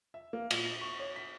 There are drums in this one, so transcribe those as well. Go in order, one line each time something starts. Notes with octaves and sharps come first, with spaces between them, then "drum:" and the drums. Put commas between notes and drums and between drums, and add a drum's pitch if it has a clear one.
E5
A#3
A#2, drum: cymbal
A#6
C#6
C#5
B6